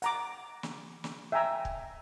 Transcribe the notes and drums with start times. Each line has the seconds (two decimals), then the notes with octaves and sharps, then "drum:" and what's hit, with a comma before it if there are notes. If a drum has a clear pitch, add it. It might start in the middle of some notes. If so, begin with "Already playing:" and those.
0.02 F#5 A#5 D6, drum: hi-hat
0.63 drum: snare
1.04 drum: snare
1.32 E5 G5 G#5 A#5 E6
1.65 drum: kick